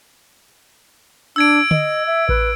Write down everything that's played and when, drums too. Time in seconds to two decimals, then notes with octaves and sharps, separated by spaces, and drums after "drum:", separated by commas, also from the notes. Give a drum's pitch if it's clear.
1.36 D4 E6 G#6 D7
1.71 D#5, drum: tom
2.07 E5
2.29 B4, drum: kick A1